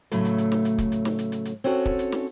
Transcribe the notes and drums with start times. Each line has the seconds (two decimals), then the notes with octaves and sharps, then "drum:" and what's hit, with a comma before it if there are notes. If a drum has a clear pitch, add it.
0.11 A2 C#3 F#3 A3, drum: hi-hat
0.25 drum: hi-hat
0.38 drum: hi-hat
0.52 drum: snare
0.65 drum: hi-hat
0.78 drum: kick, hi-hat
0.92 drum: hi-hat
1.05 drum: snare
1.19 drum: hi-hat
1.32 drum: hi-hat
1.45 drum: hi-hat
1.64 C4 C#4 F#4 A4 C#5
1.86 drum: kick
1.99 drum: hi-hat
2.12 drum: snare